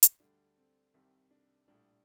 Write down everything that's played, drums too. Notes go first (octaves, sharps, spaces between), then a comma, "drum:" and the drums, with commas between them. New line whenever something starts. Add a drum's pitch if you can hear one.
drum: hi-hat
D2 D3 G3 D4
C4
C2 C3 D#3 G3 C4
D4
A#1 A2 G3 D4